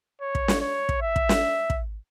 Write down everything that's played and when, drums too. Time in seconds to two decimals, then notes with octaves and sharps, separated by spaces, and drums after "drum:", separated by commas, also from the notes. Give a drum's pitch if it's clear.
0.21 C#5
0.35 drum: kick
0.48 drum: snare
0.61 C#5
0.89 drum: kick
1.02 E5
1.16 drum: kick
1.29 drum: snare
1.70 drum: kick